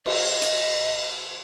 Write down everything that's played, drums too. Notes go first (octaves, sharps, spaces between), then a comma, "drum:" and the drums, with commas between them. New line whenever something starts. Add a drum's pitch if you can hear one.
D#5, drum: cymbal
drum: hi-hat